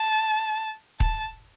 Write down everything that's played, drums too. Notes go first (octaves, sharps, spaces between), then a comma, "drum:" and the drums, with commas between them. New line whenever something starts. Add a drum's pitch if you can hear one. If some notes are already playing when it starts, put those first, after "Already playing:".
Already playing: A5
A5, drum: kick D#1